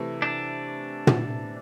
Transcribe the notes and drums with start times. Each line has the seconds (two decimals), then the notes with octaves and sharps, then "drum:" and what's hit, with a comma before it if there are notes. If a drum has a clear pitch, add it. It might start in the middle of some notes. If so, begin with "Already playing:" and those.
Already playing: C3 E3 A3 E4
0.22 D4
1.07 drum: tom